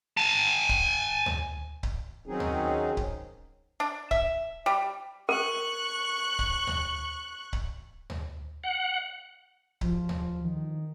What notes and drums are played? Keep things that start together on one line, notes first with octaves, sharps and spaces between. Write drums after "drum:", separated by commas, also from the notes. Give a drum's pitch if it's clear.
G#5 A5
drum: kick C#1
drum: tom
drum: kick C#1
D#3 F#3 C4 C#4 D#4 G#4
drum: tom
drum: kick C#1
D4
E5, drum: kick C#1
G3
A#4 C#6 F#6
drum: kick C#1
drum: tom
drum: kick C#1
drum: tom
F#5
F3, drum: kick C#1
drum: tom
D#3